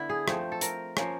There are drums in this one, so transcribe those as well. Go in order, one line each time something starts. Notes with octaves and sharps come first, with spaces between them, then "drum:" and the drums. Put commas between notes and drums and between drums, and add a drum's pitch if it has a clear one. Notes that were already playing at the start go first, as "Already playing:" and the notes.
Already playing: D3 B3 D4 E4
G#4
F3 A3 C4, drum: rim click
A4
A#4, drum: hi-hat
F3 A#3 C#4, drum: rim click